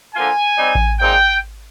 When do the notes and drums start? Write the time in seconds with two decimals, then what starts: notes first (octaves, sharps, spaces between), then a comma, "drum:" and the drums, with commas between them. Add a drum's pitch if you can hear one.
0.15 D3 F3 A#3 F4 G#5
0.57 G3 C4 D#4
0.75 drum: kick A1
0.99 A#2 G#3 C4 D#4 G5